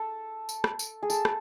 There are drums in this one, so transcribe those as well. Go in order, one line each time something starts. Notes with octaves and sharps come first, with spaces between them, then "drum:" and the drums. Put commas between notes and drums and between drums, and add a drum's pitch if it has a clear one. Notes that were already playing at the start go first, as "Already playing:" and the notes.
Already playing: A4
drum: tambourine
drum: rim click
drum: tambourine
G#4
A4, drum: tambourine
drum: rim click